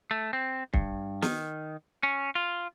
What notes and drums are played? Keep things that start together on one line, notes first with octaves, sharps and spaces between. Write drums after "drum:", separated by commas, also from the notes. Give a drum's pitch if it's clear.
A3
C4
G2, drum: kick
D#3, drum: snare
C#4
F4